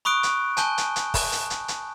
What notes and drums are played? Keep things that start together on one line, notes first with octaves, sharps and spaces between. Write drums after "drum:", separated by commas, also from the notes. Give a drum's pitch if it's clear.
B5 C#6 D#6 F#6 D7
drum: hi-hat
G#5 A5 G6 G7, drum: hi-hat
drum: hi-hat
drum: hi-hat
drum: kick, open hi-hat
drum: hi-hat
drum: hi-hat
drum: hi-hat